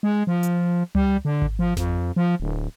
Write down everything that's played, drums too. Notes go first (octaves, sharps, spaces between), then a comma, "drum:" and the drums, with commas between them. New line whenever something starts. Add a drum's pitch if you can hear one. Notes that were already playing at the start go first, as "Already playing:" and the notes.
G#3
F3
drum: hi-hat
G3, drum: tom C#2
D3
drum: kick G#1
F3
F2, drum: snare G#1
F3
D1